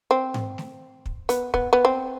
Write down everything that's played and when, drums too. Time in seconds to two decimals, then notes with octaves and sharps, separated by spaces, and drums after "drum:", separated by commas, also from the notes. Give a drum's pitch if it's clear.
0.11 C4
0.34 drum: tom G#2
0.58 drum: snare A3
1.06 drum: kick
1.29 B3, drum: hi-hat
1.54 B3, drum: kick
1.73 B3
1.85 C4